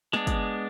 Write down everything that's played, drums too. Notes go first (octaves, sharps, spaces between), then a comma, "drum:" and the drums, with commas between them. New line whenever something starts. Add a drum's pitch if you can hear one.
G#3 B3 D4, drum: snare
drum: kick, hi-hat